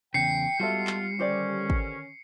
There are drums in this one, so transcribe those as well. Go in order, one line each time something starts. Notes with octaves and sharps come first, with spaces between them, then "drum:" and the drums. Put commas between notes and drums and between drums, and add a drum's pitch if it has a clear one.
E2 C#3 G5 C7 C#7
G3 G#3 B3 F4 F#4 A4 E5
drum: clap
D3 D#3 C#4 G4 C5 D5
drum: kick